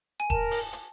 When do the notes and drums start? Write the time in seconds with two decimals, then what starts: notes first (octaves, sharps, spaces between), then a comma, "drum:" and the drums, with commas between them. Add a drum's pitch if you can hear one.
0.20 G#5
0.30 A#4 A5, drum: kick D#1
0.51 drum: open hi-hat
0.73 drum: hi-hat